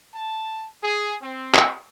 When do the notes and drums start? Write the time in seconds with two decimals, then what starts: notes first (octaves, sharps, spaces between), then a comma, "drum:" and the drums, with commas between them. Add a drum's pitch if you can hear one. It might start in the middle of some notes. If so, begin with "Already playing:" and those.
0.13 A5
0.83 G#4
1.22 C4
1.55 drum: clap